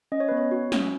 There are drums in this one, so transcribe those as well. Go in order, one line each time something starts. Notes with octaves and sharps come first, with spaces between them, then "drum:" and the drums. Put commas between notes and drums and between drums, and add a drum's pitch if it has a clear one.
C#4 D#5
C#5
B3 B4
C#5
F#4
C#4, drum: snare